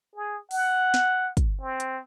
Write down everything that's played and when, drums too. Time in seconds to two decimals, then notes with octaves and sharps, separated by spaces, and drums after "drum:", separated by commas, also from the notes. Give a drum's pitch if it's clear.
0.16 G#4
0.51 F#5, drum: open hi-hat
0.94 drum: snare
1.37 drum: kick, hi-hat
1.61 C4
1.80 drum: hi-hat